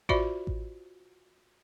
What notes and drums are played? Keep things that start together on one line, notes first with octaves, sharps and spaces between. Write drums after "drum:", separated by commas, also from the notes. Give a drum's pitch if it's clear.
F4 F#4 C5 D5 E5 B5, drum: kick A1
drum: kick A1